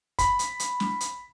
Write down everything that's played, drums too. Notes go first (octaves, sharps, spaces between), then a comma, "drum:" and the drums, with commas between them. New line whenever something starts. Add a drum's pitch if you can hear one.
B5, drum: kick, hi-hat
drum: hi-hat
drum: hi-hat
drum: snare
drum: hi-hat